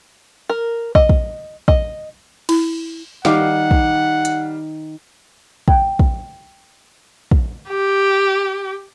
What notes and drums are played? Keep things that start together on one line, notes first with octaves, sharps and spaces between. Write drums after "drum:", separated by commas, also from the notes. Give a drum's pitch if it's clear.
A#4
D#5, drum: kick
drum: kick
D#5, drum: kick
E4, drum: cymbal
D#3 G3 F5 F#5 D6, drum: snare
drum: kick
drum: hi-hat
G5, drum: kick
drum: kick
drum: kick
G4